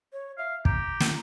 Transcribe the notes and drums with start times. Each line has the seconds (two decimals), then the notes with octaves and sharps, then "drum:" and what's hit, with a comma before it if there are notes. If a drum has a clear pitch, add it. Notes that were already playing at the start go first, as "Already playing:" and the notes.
0.13 C#5
0.38 E5 F5
0.65 G4 A#5, drum: kick
1.00 drum: snare